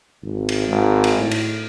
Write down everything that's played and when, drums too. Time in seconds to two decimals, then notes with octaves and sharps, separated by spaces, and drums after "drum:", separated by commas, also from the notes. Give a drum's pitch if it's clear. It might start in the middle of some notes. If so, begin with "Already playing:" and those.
0.22 G#1
0.49 drum: cymbal
0.68 G#1
1.04 drum: cymbal
1.17 A2
1.31 drum: cymbal